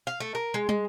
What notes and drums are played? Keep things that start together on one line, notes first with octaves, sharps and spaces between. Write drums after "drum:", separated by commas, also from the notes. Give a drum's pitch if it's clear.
F5
A3
A#4
G#3
G#3, drum: tom